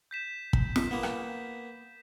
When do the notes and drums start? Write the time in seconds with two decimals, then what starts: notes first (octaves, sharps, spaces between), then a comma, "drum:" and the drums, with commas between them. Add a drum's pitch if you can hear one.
0.11 G6 B6 E7
0.53 drum: kick
0.76 B6, drum: snare
0.91 A#3 B3
1.03 drum: rim click